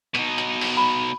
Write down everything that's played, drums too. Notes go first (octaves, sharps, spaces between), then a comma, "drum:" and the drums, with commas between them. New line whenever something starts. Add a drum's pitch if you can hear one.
B2 D#4, drum: hi-hat
drum: hi-hat
drum: open hi-hat
B5